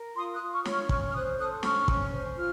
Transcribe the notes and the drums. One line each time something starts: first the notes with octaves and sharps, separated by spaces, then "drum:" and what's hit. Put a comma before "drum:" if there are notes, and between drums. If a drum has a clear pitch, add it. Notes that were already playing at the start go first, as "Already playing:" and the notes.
Already playing: A#4
F4 C6 D#6
D#6 F#6
F4
C#6 F6
C#5, drum: snare
C#6 F6
C#4 C#6 F6, drum: kick
F6
C5 D#6 F#6
A4 D#6 F#6
C#4 C#6 F6, drum: snare
C#4, drum: kick
C5
F4 F6